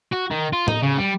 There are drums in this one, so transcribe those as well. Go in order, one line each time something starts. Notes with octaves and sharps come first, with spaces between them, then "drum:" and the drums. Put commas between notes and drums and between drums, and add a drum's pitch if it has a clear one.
F#4
D#3
F4
D#4, drum: tom A2
C#3
G3